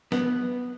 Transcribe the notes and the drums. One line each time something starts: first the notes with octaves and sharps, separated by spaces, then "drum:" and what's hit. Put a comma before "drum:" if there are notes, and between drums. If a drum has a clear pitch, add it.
B3, drum: snare